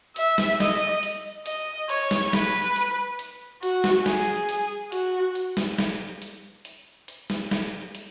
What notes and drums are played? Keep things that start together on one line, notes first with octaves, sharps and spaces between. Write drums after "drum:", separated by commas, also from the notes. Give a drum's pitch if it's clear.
E5, drum: hi-hat
drum: snare
D#5, drum: snare
drum: hi-hat
D#5, drum: hi-hat
C#5, drum: hi-hat
drum: snare
B4, drum: snare
drum: hi-hat
drum: hi-hat
F#4, drum: hi-hat
drum: snare
G#4, drum: snare
drum: hi-hat
F#4, drum: hi-hat
drum: hi-hat
drum: snare
drum: snare
drum: hi-hat
drum: hi-hat
drum: hi-hat
drum: snare
drum: snare
drum: hi-hat